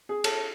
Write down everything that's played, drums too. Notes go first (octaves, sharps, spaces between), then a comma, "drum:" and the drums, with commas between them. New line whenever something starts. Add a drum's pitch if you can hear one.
G#4
A4, drum: cymbal